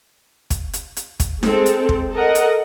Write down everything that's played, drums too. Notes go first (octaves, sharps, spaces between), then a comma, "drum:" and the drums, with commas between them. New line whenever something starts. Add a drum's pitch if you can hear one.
drum: kick, hi-hat
drum: hi-hat
drum: hi-hat
drum: kick, hi-hat
G#3 C4 A4, drum: snare D#4
drum: hi-hat
drum: kick
A4 A#4 D#5 F#5
drum: hi-hat